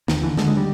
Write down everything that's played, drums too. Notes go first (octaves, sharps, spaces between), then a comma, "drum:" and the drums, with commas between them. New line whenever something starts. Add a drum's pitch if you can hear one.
D#2 D#3, drum: snare
D3 E3
D3 G#3, drum: snare
G#3
G3